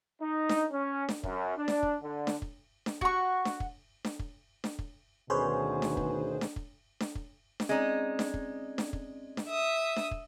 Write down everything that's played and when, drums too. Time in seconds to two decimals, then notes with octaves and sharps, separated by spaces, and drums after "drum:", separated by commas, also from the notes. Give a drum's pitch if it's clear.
0.21 D#4
0.49 drum: snare D4
0.71 C#4
1.09 drum: snare D4
1.23 F#2, drum: kick
1.57 D4
1.68 drum: snare D4
1.83 drum: kick
2.02 D3
2.27 drum: snare D4
2.42 drum: kick
2.86 drum: snare D4
3.01 F#4 C#6, drum: kick
3.45 drum: snare D4
3.60 drum: kick
4.05 drum: snare D4
4.19 drum: kick
4.64 drum: snare D4
4.79 drum: kick
5.30 D2 B2 D#3 C#4 G#4 B4 C5
5.82 drum: snare D4
5.97 drum: kick
6.41 drum: snare D4
6.56 drum: kick
7.01 drum: snare D4
7.15 drum: kick
7.60 drum: snare D4
7.69 G#3 C4 C#4 D#4 D5
8.19 drum: snare D4
8.34 drum: kick
8.78 drum: snare D4
8.93 drum: kick
9.37 drum: snare D4
9.48 E5 D#6
9.97 drum: snare D4
10.11 drum: kick